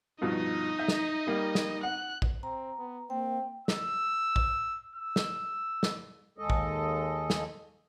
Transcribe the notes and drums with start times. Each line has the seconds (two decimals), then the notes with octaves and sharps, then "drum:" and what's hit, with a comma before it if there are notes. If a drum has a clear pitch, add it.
0.22 G2 B2 F3 D#4 D#5
0.79 E5 G6
0.88 drum: snare
1.27 G3 A#3
1.55 drum: snare
1.83 F#5 F#6
2.22 drum: kick
2.43 C4 A#5
2.78 B3
3.10 A#3 C4 G5
3.68 E6, drum: snare
4.36 drum: kick
4.96 E6
5.16 drum: snare
5.83 drum: snare
6.38 D#2 G#3 A4 D#5
6.50 drum: kick
7.30 drum: snare